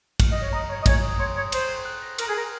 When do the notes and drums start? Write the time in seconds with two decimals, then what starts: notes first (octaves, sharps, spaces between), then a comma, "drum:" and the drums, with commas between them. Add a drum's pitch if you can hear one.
0.20 F6, drum: kick, cymbal
0.31 D#5
0.36 A#6
0.41 C#5
0.52 D#5 A#5
0.69 C#5 C#6
0.81 D#5
0.86 C#5 G#5, drum: kick, cymbal
1.02 D#6
1.19 C#5 C6
1.35 C#5 D#6
1.52 C5 C6, drum: cymbal
1.69 F#6
1.85 F#6
2.02 A#6
2.18 A#4 F6, drum: cymbal
2.27 G#4
2.35 A#4 G#6